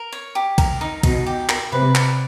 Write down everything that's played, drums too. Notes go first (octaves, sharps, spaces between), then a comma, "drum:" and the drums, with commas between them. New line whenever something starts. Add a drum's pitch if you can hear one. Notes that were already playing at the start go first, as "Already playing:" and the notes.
Already playing: A#4
C#5
G4
A#4, drum: kick B1, cymbal
D#4
B2 D#4, drum: kick B1, cymbal
G4
A#4, drum: clap
C3 B4
D5, drum: clap